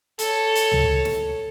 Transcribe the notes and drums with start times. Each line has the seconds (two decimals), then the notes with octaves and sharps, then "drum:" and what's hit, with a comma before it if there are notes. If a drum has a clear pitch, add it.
0.19 A4 C#5, drum: hi-hat
0.55 drum: hi-hat
0.72 drum: tom C#2
1.05 drum: snare